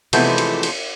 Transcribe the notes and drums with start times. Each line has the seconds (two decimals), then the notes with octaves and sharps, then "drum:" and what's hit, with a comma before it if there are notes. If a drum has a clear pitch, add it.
0.13 C3 E3 F3 G#3 A3 B3, drum: cymbal
0.38 drum: cymbal
0.63 drum: cymbal